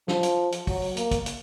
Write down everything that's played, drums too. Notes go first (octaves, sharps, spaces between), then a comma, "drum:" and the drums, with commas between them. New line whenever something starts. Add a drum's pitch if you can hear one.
F3, drum: snare
drum: hi-hat
drum: hi-hat
F#3, drum: kick, open hi-hat
drum: open hi-hat
A#3, drum: hi-hat
drum: kick, hi-hat
drum: hi-hat